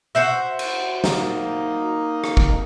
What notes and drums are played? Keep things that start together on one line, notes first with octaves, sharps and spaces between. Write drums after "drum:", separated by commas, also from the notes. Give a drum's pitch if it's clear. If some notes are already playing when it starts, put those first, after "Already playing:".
F#4 C5 E5
drum: cymbal
A#3 D#4, drum: snare
drum: rim click
drum: kick